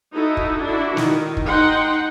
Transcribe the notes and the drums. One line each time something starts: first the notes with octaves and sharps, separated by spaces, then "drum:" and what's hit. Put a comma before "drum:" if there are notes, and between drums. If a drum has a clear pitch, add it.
D#4 E4 F#4 A4
drum: kick
D4 E4 F#4
D#3, drum: snare
drum: kick
D#4 F#5 G5 C6